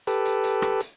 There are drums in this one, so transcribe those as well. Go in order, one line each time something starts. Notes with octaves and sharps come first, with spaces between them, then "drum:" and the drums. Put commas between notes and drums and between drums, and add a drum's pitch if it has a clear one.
G4 A4 B4, drum: hi-hat
drum: hi-hat
drum: hi-hat
drum: rim click
drum: hi-hat